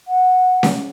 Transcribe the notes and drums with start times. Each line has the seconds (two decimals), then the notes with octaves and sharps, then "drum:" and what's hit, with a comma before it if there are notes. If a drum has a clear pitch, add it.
0.08 F#5
0.63 drum: snare C#4